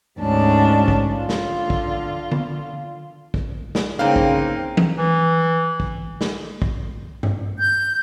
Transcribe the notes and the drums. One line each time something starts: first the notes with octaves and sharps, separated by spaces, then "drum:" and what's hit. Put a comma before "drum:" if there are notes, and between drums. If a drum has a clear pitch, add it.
D2 G#2 G#3 C#4 D4 A5
drum: kick
D3 F4
drum: snare
drum: kick
drum: tom D3
drum: kick
drum: snare
C#3 A#3 C4 D#4 E4 B4 F5
drum: kick
drum: tom E3
E3
drum: kick
drum: snare
drum: kick
drum: tom G2
G6